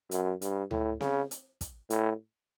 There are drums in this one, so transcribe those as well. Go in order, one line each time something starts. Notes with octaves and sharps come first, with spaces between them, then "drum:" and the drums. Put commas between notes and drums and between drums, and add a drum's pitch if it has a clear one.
F#2, drum: hi-hat
G2, drum: hi-hat
A2, drum: tom D2
C#3, drum: snare C4
drum: hi-hat
drum: kick, hi-hat
A2, drum: hi-hat